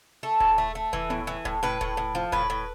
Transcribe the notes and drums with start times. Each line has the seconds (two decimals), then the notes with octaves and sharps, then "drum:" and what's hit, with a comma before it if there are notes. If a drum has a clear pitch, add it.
0.23 A3 A4
0.40 A2, drum: kick D#1
0.58 A3
0.75 A3
0.93 E3, drum: kick D#1
1.10 A2, drum: tom B3
1.27 E3
1.45 A2, drum: kick D#1
1.63 A2 B4
1.81 A2, drum: kick D#1
1.97 A2
2.15 F3
2.32 A2 B4, drum: kick D#1
2.50 A2